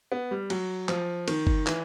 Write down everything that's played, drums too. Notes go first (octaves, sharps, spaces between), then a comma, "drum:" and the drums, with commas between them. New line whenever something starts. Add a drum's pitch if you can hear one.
B3
G3
F#3, drum: cymbal
F3, drum: clap
D#3, drum: cymbal
drum: kick F#1
E3, drum: clap